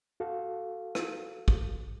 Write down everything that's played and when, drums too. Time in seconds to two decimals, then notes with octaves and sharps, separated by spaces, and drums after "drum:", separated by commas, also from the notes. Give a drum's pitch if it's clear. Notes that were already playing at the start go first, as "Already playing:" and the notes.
0.20 F#4 A4 F5
0.95 drum: rim click
1.48 drum: kick